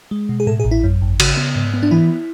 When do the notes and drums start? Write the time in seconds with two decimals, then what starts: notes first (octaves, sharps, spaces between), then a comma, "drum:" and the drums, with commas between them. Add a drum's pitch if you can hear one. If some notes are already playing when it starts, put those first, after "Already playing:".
0.11 G#3
0.29 B2
0.40 G#4
0.47 A2 A4
0.60 G#4
0.65 A1
0.71 E4
0.84 F#2
1.02 G#1
1.20 C#3 F#4, drum: cymbal
1.37 B3
1.56 G#2
1.74 B3
1.83 D4
1.91 E3 E4